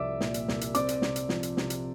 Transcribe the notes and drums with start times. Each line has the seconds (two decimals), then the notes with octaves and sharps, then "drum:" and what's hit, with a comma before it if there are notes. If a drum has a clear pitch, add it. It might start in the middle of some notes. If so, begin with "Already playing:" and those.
Already playing: C2 F3 D5 E5 D6 E6
0.21 A#2, drum: snare
0.34 drum: hi-hat
0.48 C2, drum: snare
0.61 drum: hi-hat
0.75 C4 D5 D6, drum: hi-hat
0.89 drum: hi-hat
1.02 C3, drum: snare
1.16 drum: hi-hat
1.29 F3, drum: snare
1.43 drum: hi-hat
1.57 C3, drum: snare
1.70 drum: hi-hat